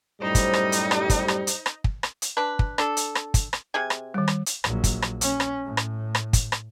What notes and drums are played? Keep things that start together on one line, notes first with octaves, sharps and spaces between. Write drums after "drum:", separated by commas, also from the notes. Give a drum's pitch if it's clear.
F#2 A2 G3 D#4 C5
drum: kick, hi-hat
drum: rim click
drum: hi-hat
drum: rim click
drum: kick, hi-hat
drum: rim click
drum: hi-hat
drum: rim click
drum: kick
drum: rim click
drum: hi-hat
D4 B4 A5
drum: kick
D4 A4, drum: rim click
drum: hi-hat
drum: rim click
drum: kick, hi-hat
drum: rim click
C3 G#4 G#5
drum: rim click
D#3 G3
drum: rim click
drum: hi-hat
A#1 F#3, drum: rim click
drum: kick, hi-hat
drum: rim click
C#4, drum: hi-hat
drum: rim click
A2
drum: rim click
drum: rim click
drum: kick, hi-hat
drum: rim click